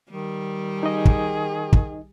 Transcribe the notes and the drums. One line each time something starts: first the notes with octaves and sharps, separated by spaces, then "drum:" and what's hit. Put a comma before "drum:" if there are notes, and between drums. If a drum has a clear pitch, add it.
D#3 G3
D#4 G#4 D#5
drum: kick
drum: kick